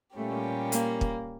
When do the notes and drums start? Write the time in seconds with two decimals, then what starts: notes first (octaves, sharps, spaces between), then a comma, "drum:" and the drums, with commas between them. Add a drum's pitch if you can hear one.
0.17 A#2 G3 A3 C#4 G4
0.72 A#3, drum: hi-hat
1.01 drum: kick